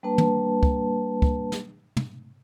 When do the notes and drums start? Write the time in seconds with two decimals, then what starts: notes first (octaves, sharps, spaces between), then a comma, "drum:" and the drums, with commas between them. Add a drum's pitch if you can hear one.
0.03 G3 A#3 D4 B4 A5
0.18 drum: tom
0.63 drum: kick
1.22 drum: kick
1.52 drum: snare
1.97 drum: tom